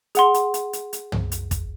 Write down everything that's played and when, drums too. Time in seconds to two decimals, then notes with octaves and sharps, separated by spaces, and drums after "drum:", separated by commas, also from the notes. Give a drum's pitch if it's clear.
0.15 G#4 F#5 C6, drum: hi-hat
0.34 drum: hi-hat
0.54 drum: hi-hat
0.73 drum: hi-hat
0.93 drum: hi-hat
1.12 drum: tom
1.32 drum: hi-hat
1.51 drum: kick, hi-hat